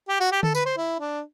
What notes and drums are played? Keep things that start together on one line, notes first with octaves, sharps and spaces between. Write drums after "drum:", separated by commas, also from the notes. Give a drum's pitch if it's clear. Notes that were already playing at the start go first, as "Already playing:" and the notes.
G4
F#4
G4
A4, drum: tom D3
B4, drum: tambourine
C5
E4
D4